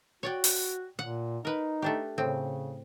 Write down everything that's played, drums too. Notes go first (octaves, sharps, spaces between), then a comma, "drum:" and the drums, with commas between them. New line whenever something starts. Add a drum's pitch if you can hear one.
F#4 C#5 D5 G5
drum: open hi-hat
A#2 F#5
D#4 A#4 B4
A3 D4 G4
A2 C#3 C4